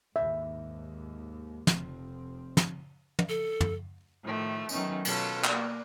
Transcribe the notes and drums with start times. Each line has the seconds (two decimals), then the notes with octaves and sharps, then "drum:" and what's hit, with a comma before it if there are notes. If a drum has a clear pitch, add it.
0.16 D#2 G#2 E5
1.67 F1 F3 C4, drum: snare
2.57 drum: snare
3.19 drum: tom
3.29 A4
3.61 drum: tom
4.22 A2 D#3 F3 A3
4.69 D#3 F#3 A3 B3 C#4 D#4, drum: tambourine
5.05 B2 C#4 F4 A4, drum: cymbal
5.44 A#3 D5, drum: clap